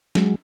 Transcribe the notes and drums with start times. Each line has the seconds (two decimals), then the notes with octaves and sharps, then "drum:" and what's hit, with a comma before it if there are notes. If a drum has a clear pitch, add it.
0.15 F#3 G#3, drum: snare